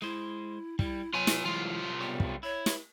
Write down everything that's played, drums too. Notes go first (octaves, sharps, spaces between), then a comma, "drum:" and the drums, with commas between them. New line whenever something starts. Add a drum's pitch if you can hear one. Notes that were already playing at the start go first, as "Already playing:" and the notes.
G#3 E4 C5
G3 E4, drum: kick
F#3 B3 F4 C#5 G#5
drum: snare
C2 E3 G#3 F4
B1 G3 B3 C#5
drum: kick
E4 C#5
drum: snare